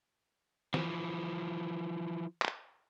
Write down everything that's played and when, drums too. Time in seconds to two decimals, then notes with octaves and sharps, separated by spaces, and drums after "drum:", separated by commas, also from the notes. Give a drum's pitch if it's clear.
0.74 E3 F3, drum: snare
2.42 drum: clap